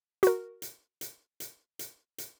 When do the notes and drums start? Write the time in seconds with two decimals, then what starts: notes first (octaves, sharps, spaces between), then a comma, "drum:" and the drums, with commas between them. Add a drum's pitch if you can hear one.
0.23 F#4 A#4, drum: hi-hat
0.62 drum: hi-hat
1.01 drum: hi-hat
1.40 drum: hi-hat
1.79 drum: hi-hat
2.18 drum: hi-hat